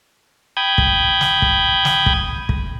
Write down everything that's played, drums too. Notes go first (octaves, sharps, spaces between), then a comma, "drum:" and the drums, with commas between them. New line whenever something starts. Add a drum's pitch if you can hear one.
G5 B5 D#6 G6 G#6
drum: kick
drum: snare
drum: kick
drum: snare
drum: kick
drum: kick